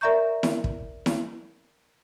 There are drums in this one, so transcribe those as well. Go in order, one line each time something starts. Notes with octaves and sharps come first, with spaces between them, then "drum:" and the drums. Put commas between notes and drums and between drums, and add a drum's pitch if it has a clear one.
A#4 D5 E5 A#5 C#6 G6
drum: snare E4
drum: kick
drum: snare E4